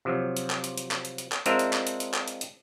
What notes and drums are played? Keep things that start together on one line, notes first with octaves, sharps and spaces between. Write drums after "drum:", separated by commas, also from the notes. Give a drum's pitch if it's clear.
C3 F3 F#3
drum: hi-hat
drum: clap
drum: hi-hat
drum: hi-hat
drum: clap
drum: hi-hat
drum: hi-hat
drum: clap
G#3 C4 D4 F4 A#4 E5, drum: hi-hat
drum: hi-hat
drum: clap
drum: hi-hat
drum: hi-hat
drum: clap
drum: hi-hat
drum: hi-hat